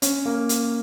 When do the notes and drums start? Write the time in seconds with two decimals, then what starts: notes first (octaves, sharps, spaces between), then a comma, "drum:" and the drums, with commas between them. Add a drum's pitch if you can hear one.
0.02 C#4, drum: hi-hat
0.25 A#3
0.49 drum: hi-hat